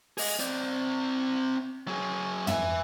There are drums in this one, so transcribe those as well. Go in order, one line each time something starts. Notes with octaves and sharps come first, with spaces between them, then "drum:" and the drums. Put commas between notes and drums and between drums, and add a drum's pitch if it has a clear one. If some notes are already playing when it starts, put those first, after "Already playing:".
G#4 D#5, drum: open hi-hat
C4 D5
F#3 G#4
E5 G#5, drum: tom